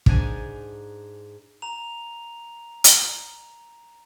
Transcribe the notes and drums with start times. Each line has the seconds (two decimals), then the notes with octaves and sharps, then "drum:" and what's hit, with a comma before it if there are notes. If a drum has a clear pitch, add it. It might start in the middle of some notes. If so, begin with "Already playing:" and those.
0.06 G#2 D4 D#4 G#5, drum: kick
1.62 A#5 F7
2.84 drum: hi-hat